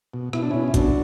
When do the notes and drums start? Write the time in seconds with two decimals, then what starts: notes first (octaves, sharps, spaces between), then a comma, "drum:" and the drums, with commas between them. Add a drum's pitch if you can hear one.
0.14 B2
0.33 B2 E4, drum: rim click
0.42 D4
0.51 B2 C#4 E4
0.68 E4
0.74 B2 D4 F#4, drum: kick, hi-hat